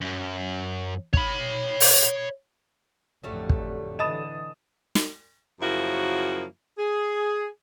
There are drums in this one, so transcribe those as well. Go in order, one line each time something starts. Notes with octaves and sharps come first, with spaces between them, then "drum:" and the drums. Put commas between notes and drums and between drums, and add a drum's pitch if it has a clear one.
F#2
C#5 B5, drum: kick
drum: open hi-hat
A1 F2 D3 F#3 G3 A3
drum: kick
D3 E3 D#5 A5 B5 D#6 A6 E7
drum: snare
F#2 C#3 F3 A#3 E4 F#4
G#4